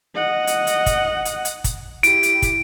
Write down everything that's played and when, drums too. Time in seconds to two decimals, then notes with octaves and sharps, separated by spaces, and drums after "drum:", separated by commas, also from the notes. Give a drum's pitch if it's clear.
0.15 D#5 F#5
0.47 drum: hi-hat
0.67 drum: hi-hat
0.86 drum: kick, hi-hat
1.25 drum: hi-hat
1.45 drum: hi-hat
1.64 drum: kick, hi-hat
2.03 E4 G4 D7, drum: hi-hat
2.23 drum: hi-hat
2.42 drum: kick, hi-hat